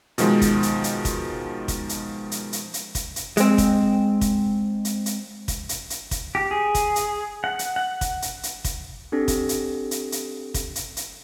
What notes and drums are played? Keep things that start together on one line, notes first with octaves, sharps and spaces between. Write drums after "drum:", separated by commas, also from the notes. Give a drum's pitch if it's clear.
B2 D#3 F3 G#3, drum: hi-hat
drum: kick, hi-hat
drum: hi-hat
drum: hi-hat
drum: kick, hi-hat
drum: kick, hi-hat
drum: hi-hat
drum: hi-hat
drum: hi-hat
drum: hi-hat
drum: kick, hi-hat
drum: hi-hat
G#3 C4, drum: hi-hat
drum: kick, hi-hat
drum: kick, hi-hat
drum: hi-hat
drum: hi-hat
drum: kick, hi-hat
drum: hi-hat
drum: hi-hat
drum: kick, hi-hat
G4
G#4
drum: kick, hi-hat
drum: hi-hat
F#5
drum: hi-hat
F#5
drum: kick, hi-hat
drum: hi-hat
drum: hi-hat
drum: kick, hi-hat
C4 D4 G4 A4
drum: kick, hi-hat
drum: hi-hat
drum: hi-hat
drum: hi-hat
drum: kick, hi-hat
drum: hi-hat
drum: hi-hat